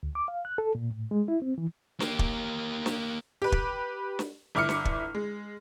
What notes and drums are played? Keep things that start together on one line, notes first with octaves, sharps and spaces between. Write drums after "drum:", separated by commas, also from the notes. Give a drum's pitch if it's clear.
D2
D6
F5
F#6
A4
A#2
A2
G#3
E4
C4
E3
A#3 G4, drum: snare
drum: kick
drum: snare
G4 B4
drum: kick
drum: snare
G1 E4 D6 F6 C#7
drum: snare
drum: kick
G#3